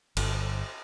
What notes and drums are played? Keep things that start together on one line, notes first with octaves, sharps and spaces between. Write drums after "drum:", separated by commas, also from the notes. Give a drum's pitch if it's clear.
G1, drum: cymbal